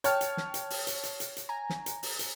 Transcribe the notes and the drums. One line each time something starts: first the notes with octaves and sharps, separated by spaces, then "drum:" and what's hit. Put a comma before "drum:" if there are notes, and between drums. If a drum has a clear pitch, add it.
C#5 G5 A5 F6, drum: hi-hat
drum: hi-hat
drum: snare
drum: hi-hat
drum: open hi-hat
drum: hi-hat
drum: hi-hat
drum: hi-hat
drum: hi-hat
G#5 A#5
drum: snare
drum: hi-hat
drum: open hi-hat
drum: hi-hat